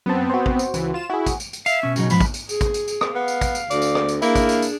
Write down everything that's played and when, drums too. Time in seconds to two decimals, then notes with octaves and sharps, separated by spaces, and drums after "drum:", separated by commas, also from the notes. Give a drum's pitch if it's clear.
0.06 F#2 B3 C4 A5
0.30 F#4 C5
0.46 drum: kick
0.59 drum: tambourine
0.74 C#2 E3, drum: tambourine
0.94 F4 E7
1.10 E4 F#4 G#4
1.26 drum: kick, tambourine
1.40 drum: tambourine
1.53 drum: tambourine
1.66 E5 F5, drum: tambourine
1.83 B2 C#4
1.96 C#3 F#3 D#4, drum: tambourine
2.10 E2 G#2 F3 B5, drum: tambourine
2.20 drum: kick, tambourine
2.34 drum: tambourine
2.49 G#4, drum: tambourine
2.61 drum: kick, tambourine
2.74 drum: tambourine
2.88 drum: tambourine
3.01 drum: rim click
3.15 B3 F5
3.28 drum: tambourine
3.41 drum: kick, tambourine
3.55 drum: tambourine
3.71 D2 D5, drum: tambourine
3.82 drum: tambourine
3.95 drum: rim click
4.09 drum: tambourine
4.22 A#3 D4 E4 G#4, drum: tambourine
4.35 drum: kick, tambourine
4.49 drum: tambourine
4.62 drum: tambourine